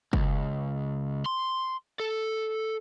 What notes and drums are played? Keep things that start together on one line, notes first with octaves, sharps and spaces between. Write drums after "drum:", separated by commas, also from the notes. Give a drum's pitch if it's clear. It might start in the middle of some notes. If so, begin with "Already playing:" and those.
C#2, drum: kick
C6
A4